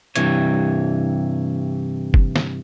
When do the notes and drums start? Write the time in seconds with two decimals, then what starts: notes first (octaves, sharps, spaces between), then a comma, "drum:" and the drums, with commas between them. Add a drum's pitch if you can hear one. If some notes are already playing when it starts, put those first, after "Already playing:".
0.16 G2 C3 E3 C#5, drum: hi-hat
2.14 drum: kick F#1
2.36 drum: snare